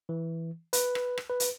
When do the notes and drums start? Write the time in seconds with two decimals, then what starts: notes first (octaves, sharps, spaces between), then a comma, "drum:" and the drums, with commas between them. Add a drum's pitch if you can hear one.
0.09 E3
0.73 B4, drum: hi-hat
0.95 drum: rim click
1.18 drum: rim click
1.30 B4
1.40 drum: hi-hat